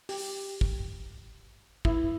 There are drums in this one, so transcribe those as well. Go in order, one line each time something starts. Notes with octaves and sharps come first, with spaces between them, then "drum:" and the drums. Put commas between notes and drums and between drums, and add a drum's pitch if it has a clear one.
G4, drum: open hi-hat
drum: kick
E4, drum: kick